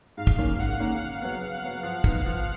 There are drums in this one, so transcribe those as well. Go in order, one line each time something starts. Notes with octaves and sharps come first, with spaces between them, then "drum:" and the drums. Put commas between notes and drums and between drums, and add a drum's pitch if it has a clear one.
G#2 F5
drum: kick
D#3 A#3 C#4
G#2 F#5
D#3 A#3 C#4
C#3
F#3 B3
C#3
F#3 B3
F3
B3 D#4, drum: kick
F3